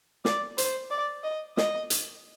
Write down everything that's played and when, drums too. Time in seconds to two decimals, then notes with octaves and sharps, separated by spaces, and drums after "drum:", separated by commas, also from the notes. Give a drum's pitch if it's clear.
0.25 D5, drum: snare
0.58 C5, drum: hi-hat
0.91 D5
1.24 D#5
1.57 D#5, drum: snare
1.90 drum: hi-hat